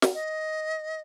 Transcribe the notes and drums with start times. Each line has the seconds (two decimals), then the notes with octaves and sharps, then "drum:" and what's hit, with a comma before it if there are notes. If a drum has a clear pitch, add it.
0.02 drum: snare
0.14 D#5